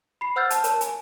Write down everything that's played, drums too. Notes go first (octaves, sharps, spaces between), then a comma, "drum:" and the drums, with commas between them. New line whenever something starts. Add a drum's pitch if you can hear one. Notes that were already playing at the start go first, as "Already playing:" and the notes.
B5 C7
C5 F#5 E6 F6 G6 A6
A5, drum: hi-hat
A#4 C#5 A5, drum: hi-hat
G#5, drum: hi-hat